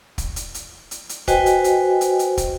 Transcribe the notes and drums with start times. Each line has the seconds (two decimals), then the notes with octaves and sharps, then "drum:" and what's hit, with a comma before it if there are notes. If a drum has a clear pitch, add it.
0.18 drum: kick, hi-hat
0.36 drum: hi-hat
0.54 drum: hi-hat
0.91 drum: hi-hat
1.09 drum: hi-hat
1.28 F#4 B4 C5 D#5 G5 G#5, drum: kick, hi-hat
1.46 drum: hi-hat
1.64 drum: hi-hat
2.01 drum: hi-hat
2.19 drum: hi-hat
2.37 drum: kick, hi-hat